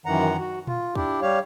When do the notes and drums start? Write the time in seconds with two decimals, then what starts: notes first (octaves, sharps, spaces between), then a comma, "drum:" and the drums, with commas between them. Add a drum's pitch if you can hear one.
0.06 F#2 D#3 E3 F#5 A#5
0.38 F#4
0.67 F4, drum: tom A#2
0.95 D4 E4 G4, drum: kick
1.22 G3 G4 C#5 F5